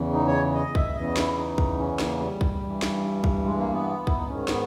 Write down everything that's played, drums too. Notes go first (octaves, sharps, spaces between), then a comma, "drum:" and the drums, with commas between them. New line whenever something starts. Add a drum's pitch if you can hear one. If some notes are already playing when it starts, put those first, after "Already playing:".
Already playing: E2 C#3 E3
D#4
C#5
D#5
E5, drum: kick
E2 C#3 E3 D#5
E4, drum: snare
D#4
drum: kick
C#4
A#3, drum: snare
G3
drum: kick
G2 E3
drum: snare
drum: kick
G#3
A#3
B3
E4, drum: kick
D#4
G#2 D#3 C#4
B3, drum: snare